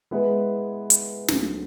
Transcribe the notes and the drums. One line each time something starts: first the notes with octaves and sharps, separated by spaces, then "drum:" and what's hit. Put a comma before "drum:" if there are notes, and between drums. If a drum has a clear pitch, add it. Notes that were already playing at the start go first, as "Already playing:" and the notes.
G#3 B3 E4 G#4 B4
drum: hi-hat
D2 D3 F#3, drum: snare